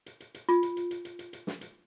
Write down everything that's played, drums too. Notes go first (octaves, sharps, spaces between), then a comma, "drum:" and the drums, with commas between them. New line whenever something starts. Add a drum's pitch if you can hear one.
drum: hi-hat
drum: hi-hat
drum: hi-hat
F4, drum: hi-hat
drum: hi-hat
drum: hi-hat
drum: hi-hat
drum: hi-hat
drum: hi-hat
drum: hi-hat
drum: snare
drum: hi-hat